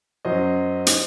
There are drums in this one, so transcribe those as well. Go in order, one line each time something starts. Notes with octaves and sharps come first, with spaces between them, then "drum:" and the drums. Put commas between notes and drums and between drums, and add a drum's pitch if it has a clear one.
F#2 F#3 C5 D#5
drum: hi-hat